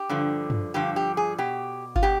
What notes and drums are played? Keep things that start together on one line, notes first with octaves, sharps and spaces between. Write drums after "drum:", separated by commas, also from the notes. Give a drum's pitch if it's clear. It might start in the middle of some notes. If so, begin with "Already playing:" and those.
Already playing: G4
G2 D3 F3
drum: tom
G2 D3 F3 G4
G4
G#4
B2 G4
F4, drum: kick G1
B2 G4